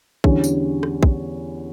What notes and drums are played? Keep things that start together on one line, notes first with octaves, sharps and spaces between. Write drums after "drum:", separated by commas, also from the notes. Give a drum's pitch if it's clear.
E2 D3 G3 C#4, drum: kick
drum: tambourine
drum: rim click
drum: kick